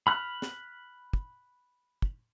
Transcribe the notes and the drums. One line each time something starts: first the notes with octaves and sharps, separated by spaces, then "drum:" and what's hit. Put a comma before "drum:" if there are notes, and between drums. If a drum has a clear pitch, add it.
B5 F6 F#6
drum: snare
drum: kick
drum: kick